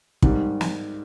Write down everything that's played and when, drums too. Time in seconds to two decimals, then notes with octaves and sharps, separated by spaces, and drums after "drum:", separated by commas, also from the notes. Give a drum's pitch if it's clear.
0.22 G#2 D#3 G3, drum: kick
0.61 drum: snare